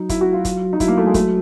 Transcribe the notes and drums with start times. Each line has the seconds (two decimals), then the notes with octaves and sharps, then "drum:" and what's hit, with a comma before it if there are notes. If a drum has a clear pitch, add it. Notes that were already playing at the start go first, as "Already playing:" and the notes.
Already playing: F#3 D#4
0.09 E4, drum: kick, hi-hat
0.21 F#4
0.33 F4
0.45 drum: kick, hi-hat
0.73 D#4
0.80 F#3 E4, drum: kick, hi-hat
0.88 A#3
0.97 A3
1.07 G#3
1.14 A3, drum: kick, hi-hat